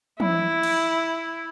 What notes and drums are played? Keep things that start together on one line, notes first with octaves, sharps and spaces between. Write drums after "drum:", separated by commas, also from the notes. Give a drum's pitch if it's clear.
E4, drum: tom
drum: cymbal